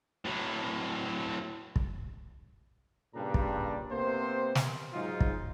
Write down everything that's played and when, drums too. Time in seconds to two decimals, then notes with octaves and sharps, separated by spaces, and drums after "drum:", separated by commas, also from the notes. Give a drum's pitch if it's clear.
0.25 A2 F#3
1.76 drum: kick
3.15 G2 A#2 C#3 G3 D4 A#5
3.34 drum: kick
3.92 C3 A#3 B3 C5
4.55 drum: snare
4.94 G#2 F#3 G#3 D#4 F4
5.21 drum: kick